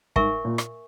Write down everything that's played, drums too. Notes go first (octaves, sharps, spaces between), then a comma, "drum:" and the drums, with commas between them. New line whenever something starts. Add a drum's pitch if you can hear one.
G#2 A#4 E5 G#5 C#6, drum: kick
A#2
drum: rim click